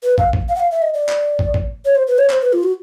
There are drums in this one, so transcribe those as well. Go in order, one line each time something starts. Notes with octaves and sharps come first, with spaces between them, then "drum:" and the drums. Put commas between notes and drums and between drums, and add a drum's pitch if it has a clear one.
B4
F5, drum: kick
drum: kick
F5
F#5
F5
E5
D#5
D5
drum: clap
drum: kick
drum: kick
C#5
C5
B4
C#5
C5, drum: clap
B4
F4
F#4